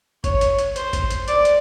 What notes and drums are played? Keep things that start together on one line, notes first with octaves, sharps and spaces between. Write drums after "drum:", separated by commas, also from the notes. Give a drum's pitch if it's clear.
C#5, drum: kick G#1, hi-hat
drum: hi-hat
drum: hi-hat
C5, drum: hi-hat
drum: kick G#1, hi-hat
drum: hi-hat
D5, drum: hi-hat
drum: hi-hat